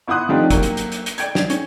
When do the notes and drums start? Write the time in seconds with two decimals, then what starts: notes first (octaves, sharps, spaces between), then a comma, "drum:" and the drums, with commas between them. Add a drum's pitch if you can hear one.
0.08 G1 E4 F#5 C6 D#6 F#6
0.29 F3 A3 C4 D4 D#4 G4
0.51 F#3 A#3 G4, drum: kick, hi-hat
0.63 drum: hi-hat
0.77 drum: hi-hat
0.92 drum: hi-hat
1.06 drum: hi-hat
1.18 D5 G5 G#6, drum: hi-hat
1.35 drum: snare
1.50 C#4, drum: hi-hat